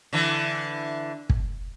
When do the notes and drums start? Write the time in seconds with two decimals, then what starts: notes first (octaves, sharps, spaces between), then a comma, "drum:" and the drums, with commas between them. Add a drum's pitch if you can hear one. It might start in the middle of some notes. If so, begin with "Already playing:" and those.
0.13 D3 E3
1.30 drum: kick